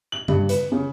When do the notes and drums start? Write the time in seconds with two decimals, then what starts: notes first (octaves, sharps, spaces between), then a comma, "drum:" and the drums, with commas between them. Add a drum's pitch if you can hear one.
0.12 F#7
0.28 G2, drum: tom C#3
0.49 B4, drum: hi-hat
0.72 C#3